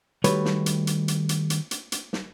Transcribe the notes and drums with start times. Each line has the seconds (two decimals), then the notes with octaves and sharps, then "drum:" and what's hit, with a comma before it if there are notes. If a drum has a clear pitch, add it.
0.24 D#3 G3 A3 F#4 B4 C#5, drum: hi-hat
0.45 drum: snare
0.66 drum: hi-hat
0.87 drum: hi-hat
1.08 drum: hi-hat
1.29 drum: hi-hat
1.50 drum: hi-hat
1.71 drum: hi-hat
1.92 drum: hi-hat
2.13 drum: snare